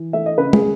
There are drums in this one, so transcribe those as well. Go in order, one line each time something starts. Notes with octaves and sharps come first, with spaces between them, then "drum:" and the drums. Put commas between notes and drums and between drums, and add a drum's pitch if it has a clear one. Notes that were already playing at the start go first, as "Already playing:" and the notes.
Already playing: E3
A3 E5
D#5
C#3 B4
G#4, drum: tom